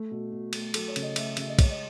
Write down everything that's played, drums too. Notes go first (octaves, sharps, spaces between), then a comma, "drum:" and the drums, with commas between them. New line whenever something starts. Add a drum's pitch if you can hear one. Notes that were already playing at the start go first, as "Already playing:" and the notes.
Already playing: A3
B2
B2
A3, drum: cymbal
F#3 A4, drum: cymbal
C#5
C#3, drum: cymbal
D#5
A3 E5, drum: cymbal
C#3 E5, drum: cymbal
D#5
G#3 C#5, drum: kick, cymbal
D#5